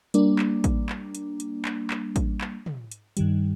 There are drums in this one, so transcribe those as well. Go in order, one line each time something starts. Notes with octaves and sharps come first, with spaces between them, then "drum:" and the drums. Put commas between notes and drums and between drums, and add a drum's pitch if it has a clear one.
G3 A#3 D4, drum: hi-hat
drum: clap
drum: kick A1, hi-hat
drum: clap
drum: hi-hat
drum: hi-hat
drum: clap
drum: clap
drum: kick A1, hi-hat
drum: clap
drum: tom
drum: hi-hat
G2 D#3 G3, drum: hi-hat